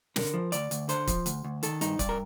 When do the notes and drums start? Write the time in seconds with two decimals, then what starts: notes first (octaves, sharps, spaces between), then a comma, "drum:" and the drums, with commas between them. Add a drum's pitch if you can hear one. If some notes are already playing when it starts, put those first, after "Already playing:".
0.16 D3 A#4, drum: snare
0.34 F3
0.52 D2 D5, drum: hi-hat
0.71 D2, drum: hi-hat
0.89 D3 C5, drum: hi-hat
1.07 F3, drum: kick, hi-hat
1.26 D2, drum: hi-hat
1.44 D2
1.63 D#3 A4, drum: hi-hat
1.81 G2 D#4, drum: hi-hat
1.99 G2 D5, drum: kick, hi-hat
2.09 A#4